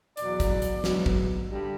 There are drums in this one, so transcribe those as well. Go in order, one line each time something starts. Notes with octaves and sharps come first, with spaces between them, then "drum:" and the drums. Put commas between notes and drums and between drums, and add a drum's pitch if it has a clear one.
E2 B2 F#3 D5, drum: hi-hat
drum: kick, hi-hat
drum: hi-hat
E2 B2 F#3, drum: snare
drum: kick
G2 D3 G3